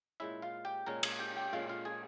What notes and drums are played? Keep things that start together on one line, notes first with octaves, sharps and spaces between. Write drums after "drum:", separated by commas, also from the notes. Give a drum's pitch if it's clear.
A#2 G#3 C#4 E4 E5
F4 F5
G4 G5
A#2 G#3 C#4 A#4 A#5
G#4 G#5, drum: cymbal
G4 G5
G4 G5
A#2 G#3 C#4 F4 F5
F4 F5
G#4 G#5